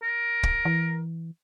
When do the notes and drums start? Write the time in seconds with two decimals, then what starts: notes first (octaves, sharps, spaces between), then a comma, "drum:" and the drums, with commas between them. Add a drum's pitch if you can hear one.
0.02 A#4
0.43 drum: kick
0.65 E3